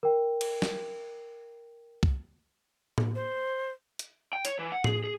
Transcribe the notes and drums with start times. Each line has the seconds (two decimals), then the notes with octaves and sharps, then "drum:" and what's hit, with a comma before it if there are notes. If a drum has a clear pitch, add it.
0.03 A#4 G5
0.41 drum: cymbal
0.62 drum: snare
2.03 drum: kick C2
2.98 drum: tom A2
3.15 C5
3.99 drum: hi-hat
4.33 G5
4.45 C#5, drum: hi-hat
4.59 E3
4.72 F#5
4.84 G#4, drum: tom A2
5.04 G#4